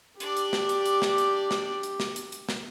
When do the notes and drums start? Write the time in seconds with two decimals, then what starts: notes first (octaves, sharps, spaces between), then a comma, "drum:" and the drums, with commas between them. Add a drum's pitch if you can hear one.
0.20 D4 G4 D5, drum: hi-hat
0.37 drum: hi-hat
0.53 drum: snare
0.69 drum: hi-hat
0.86 drum: hi-hat
1.02 drum: snare
1.18 drum: hi-hat
1.51 drum: snare
1.83 drum: hi-hat
2.00 drum: snare
2.16 drum: hi-hat
2.32 drum: hi-hat
2.49 drum: snare